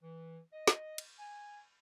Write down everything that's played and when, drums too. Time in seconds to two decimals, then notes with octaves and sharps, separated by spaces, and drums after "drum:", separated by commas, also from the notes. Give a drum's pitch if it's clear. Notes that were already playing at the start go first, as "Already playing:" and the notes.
0.02 E3
0.52 D#5
0.67 drum: snare
0.98 drum: cymbal
1.19 G#5